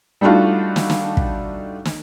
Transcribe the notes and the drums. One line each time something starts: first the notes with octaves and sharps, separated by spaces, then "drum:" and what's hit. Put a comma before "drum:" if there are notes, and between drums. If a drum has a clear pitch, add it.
G3 A3 D4 D#4 F4 F#4
drum: snare
drum: snare
drum: kick
drum: snare